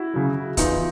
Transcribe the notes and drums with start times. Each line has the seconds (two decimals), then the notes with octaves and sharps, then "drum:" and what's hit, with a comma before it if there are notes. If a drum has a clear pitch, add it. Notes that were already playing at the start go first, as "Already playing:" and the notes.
Already playing: E4 F#4
0.14 C#3 F#3
0.57 E2 D#4 F4, drum: kick C#1, hi-hat